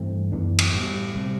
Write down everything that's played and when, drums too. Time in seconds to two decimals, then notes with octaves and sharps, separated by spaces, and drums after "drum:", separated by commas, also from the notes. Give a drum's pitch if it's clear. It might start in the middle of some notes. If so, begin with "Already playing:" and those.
Already playing: G2 E3 A3 C4
0.32 F#2 E3 B3 D4
0.59 drum: cymbal
0.74 A2 G3 B3
1.15 C3 G3 C4